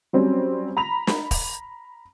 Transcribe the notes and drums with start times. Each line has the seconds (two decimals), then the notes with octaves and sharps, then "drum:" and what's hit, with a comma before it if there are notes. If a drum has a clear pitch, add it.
0.13 F#3 G3 C4 C#4
0.77 A#5 B5 F7
1.07 drum: snare
1.31 drum: kick, open hi-hat